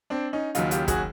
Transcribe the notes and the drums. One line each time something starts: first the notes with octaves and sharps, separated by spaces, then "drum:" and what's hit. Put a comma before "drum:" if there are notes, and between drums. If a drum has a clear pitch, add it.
C4 D4
C#4 D#4
D#2 C#3 F#3 D#4 F4, drum: hi-hat
F4 G4, drum: hi-hat
F#4 G#4, drum: kick, hi-hat